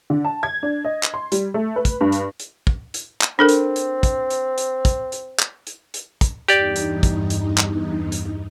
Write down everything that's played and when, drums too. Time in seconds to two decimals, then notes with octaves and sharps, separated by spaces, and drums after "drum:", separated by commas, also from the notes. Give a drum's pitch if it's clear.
0.10 D3
0.24 A5
0.43 G#6
0.63 D4
0.85 D#5
1.03 drum: clap
1.14 C6
1.32 G3, drum: hi-hat
1.54 A3
1.76 B4
1.85 drum: kick, hi-hat
2.01 G2
2.12 drum: hi-hat
2.40 drum: hi-hat
2.67 drum: kick
2.94 drum: hi-hat
3.21 drum: clap
3.39 C4 D4 A4 A#4
3.49 drum: hi-hat
3.76 drum: hi-hat
4.03 drum: kick, hi-hat
4.30 drum: hi-hat
4.58 drum: hi-hat
4.85 drum: kick, hi-hat
5.12 drum: hi-hat
5.39 drum: clap
5.67 drum: hi-hat
5.94 drum: hi-hat
6.21 drum: kick, hi-hat
6.48 E2 G2 D#4 G4 D5, drum: hi-hat
6.76 drum: hi-hat
7.03 drum: kick, hi-hat
7.30 drum: hi-hat
7.58 drum: clap
8.12 drum: hi-hat